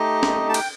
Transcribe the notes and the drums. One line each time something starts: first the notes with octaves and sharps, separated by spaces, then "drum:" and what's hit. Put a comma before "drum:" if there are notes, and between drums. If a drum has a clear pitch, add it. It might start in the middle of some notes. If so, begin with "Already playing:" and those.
Already playing: A3 D#4 G4 D#5
drum: snare
A5
G5, drum: cymbal